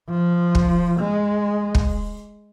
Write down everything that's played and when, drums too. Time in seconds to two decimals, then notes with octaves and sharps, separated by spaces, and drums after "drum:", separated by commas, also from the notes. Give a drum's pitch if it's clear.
0.09 F3
0.55 drum: kick
1.00 G#3
1.75 drum: kick